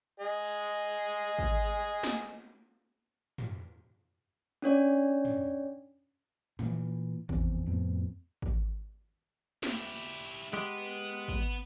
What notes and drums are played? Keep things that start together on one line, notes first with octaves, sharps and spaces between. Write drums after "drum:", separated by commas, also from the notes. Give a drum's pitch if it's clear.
G#4 D#5
drum: cymbal
drum: kick
drum: snare
drum: tom
C#4 D4 C#5 D5
drum: tom
A#2 E3, drum: tom
F1 E2 C4, drum: kick
F2 A2 B3 C4
drum: kick
E4 G4, drum: snare
drum: open hi-hat
G#3 B3 G4
drum: kick